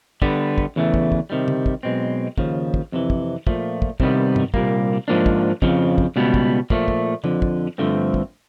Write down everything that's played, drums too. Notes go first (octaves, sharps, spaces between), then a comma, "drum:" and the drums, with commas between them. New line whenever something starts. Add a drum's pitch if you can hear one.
D3 G3 B3, drum: kick
drum: kick
E2 C#3 E3 A3
drum: kick
drum: kick
C3 D#3 G3
drum: tom C#3
drum: kick
B1 B2 G#3 C4
D#2 C#3 F3, drum: kick
drum: kick
F2 C3 E3
drum: kick
A#2 F3 A3, drum: kick
drum: kick
C2 C3 D#3 G3 B3, drum: kick
drum: tom G2
C2 A#2 G3 A#3, drum: kick
G#2 F3 A#3 D4
drum: kick
F2 C#3 F3, drum: kick
drum: kick
C#2 B2 G3 B3
drum: kick
A#2 F3 A3, drum: kick
drum: kick
F2 D3 F3, drum: tom C#3
drum: kick
G2 D3 F3 A3 C4
drum: kick